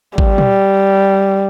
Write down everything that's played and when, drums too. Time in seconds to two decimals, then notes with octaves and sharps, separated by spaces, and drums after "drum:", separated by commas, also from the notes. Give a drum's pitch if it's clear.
0.18 G3, drum: kick G#1
0.38 drum: tom